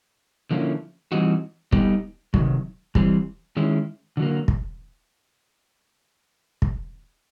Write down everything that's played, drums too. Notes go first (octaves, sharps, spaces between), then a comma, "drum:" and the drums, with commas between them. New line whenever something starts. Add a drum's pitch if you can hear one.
D3 F3 A#3 C#4 E4
E3 G3 C4 D#4 F#4
G3 B3 D#4 G4, drum: kick
C3 D#3 F#3, drum: kick
E3 G3 C4, drum: kick
D#3 G#3 C#4 E4
D3 F#3 A#3
drum: kick
drum: kick